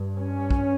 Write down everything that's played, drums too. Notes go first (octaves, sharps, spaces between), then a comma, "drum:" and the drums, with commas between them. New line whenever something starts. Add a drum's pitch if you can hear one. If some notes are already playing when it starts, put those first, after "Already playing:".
Already playing: G2
C#4
drum: kick